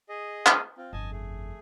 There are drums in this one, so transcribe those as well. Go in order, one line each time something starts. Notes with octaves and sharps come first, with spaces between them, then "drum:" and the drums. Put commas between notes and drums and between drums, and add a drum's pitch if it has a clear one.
G#4 D#5
drum: clap
C4 F4
G1 F2 D#5 G#5 A5
A3 G#4